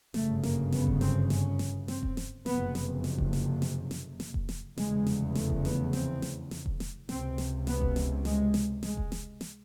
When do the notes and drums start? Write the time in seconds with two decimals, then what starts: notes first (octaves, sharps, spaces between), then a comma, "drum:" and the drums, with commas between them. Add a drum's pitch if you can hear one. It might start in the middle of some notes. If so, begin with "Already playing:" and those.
0.14 G1 F#2 C#3 A3, drum: snare
0.43 A#3, drum: snare
0.72 B3, drum: snare
0.87 drum: kick E1
1.01 C4, drum: snare
1.30 C#4, drum: snare
1.59 drum: snare
1.88 C4, drum: snare
2.03 drum: kick E1
2.17 drum: snare
2.46 F#1 F2 C3 B3, drum: snare
2.75 drum: snare
3.04 drum: snare
3.18 drum: kick E1
3.33 drum: snare
3.62 drum: snare
3.91 drum: snare
4.20 drum: snare
4.34 drum: kick E1
4.49 drum: snare
4.78 F1 E2 C#3 G#3, drum: snare
5.07 drum: snare
5.35 A3, drum: snare
5.50 drum: kick E1
5.65 B3, drum: snare
5.93 C4, drum: snare
6.22 drum: snare
6.51 drum: snare
6.66 drum: kick E1
6.80 drum: snare
7.09 C#2 C3 C4, drum: snare
7.38 drum: snare
7.67 B3, drum: snare
7.82 drum: kick E1
7.96 drum: snare
8.25 G#3, drum: snare
8.54 drum: snare
8.83 G#3, drum: snare
8.97 drum: kick E1
9.12 drum: snare
9.41 drum: snare